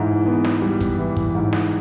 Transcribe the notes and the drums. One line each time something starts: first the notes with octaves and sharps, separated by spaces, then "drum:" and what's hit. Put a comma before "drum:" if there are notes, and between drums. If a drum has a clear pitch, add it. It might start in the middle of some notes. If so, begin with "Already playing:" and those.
Already playing: G#2 E3
B3
drum: snare
G3
drum: kick, hi-hat
E3
drum: kick
G#2
drum: snare